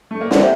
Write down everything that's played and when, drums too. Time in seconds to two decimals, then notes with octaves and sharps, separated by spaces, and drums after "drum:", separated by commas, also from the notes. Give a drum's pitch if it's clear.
0.11 A3
0.21 A#3
0.31 D3 C4, drum: snare
0.40 C3